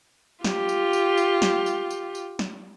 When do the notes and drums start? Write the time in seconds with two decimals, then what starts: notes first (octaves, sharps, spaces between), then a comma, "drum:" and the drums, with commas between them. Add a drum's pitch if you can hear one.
0.44 F4 G4, drum: snare
0.69 drum: tambourine
0.93 drum: tambourine
1.17 drum: tambourine
1.42 drum: snare
1.66 drum: tambourine
1.90 drum: tambourine
2.15 drum: tambourine
2.39 drum: snare